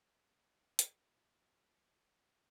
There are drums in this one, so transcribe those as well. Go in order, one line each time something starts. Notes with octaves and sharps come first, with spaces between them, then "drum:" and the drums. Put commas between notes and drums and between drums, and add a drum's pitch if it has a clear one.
C#2
D#2 F#4, drum: hi-hat
E2